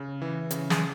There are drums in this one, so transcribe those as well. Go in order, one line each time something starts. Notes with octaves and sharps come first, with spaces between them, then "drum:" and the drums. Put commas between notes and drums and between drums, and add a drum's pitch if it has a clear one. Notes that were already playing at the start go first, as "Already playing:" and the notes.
Already playing: C#3
E3
C#3, drum: hi-hat
G#4, drum: snare